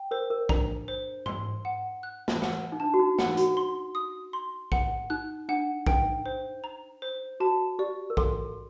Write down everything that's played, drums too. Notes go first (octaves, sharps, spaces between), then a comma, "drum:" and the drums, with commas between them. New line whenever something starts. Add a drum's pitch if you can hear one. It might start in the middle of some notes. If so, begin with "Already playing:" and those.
Already playing: G5
A#4 C5
A#4
D4 A#5, drum: kick A#1
C5
C6, drum: tom G#2
F#5
F#6
drum: snare
F#5, drum: snare
D#4
D4 A5
F#4
D#4
D#4 F#5, drum: snare
F#4, drum: hi-hat
C6
D#6
C6
F#5, drum: kick A#1
D#4 F#6
D4 F#5
D#4 G5, drum: kick A#1
C5
A#5
C5
F#4 A5
G4 D5
A#4
A4 C6, drum: kick A#1